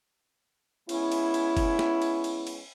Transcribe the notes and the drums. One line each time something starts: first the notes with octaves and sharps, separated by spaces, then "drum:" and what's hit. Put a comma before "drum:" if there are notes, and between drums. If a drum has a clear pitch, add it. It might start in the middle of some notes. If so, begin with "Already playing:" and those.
G#3 B3 C#4 E4, drum: cymbal
drum: cymbal
drum: cymbal
drum: kick, cymbal
drum: snare
drum: cymbal
drum: cymbal
drum: cymbal